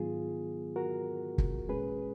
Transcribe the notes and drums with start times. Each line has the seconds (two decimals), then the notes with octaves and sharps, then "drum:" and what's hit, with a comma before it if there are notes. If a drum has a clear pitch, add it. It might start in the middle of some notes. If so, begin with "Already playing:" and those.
Already playing: G#2 D#3 F#3 B3 F4 G#4
0.76 F#4 A#4
1.38 drum: kick
1.69 A#2 G#3 C#4 G#4 B4